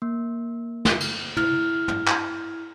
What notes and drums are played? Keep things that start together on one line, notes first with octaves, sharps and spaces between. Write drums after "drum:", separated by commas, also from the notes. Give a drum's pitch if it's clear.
A#3
drum: snare
drum: cymbal
E4 F6, drum: tom
drum: tom
drum: clap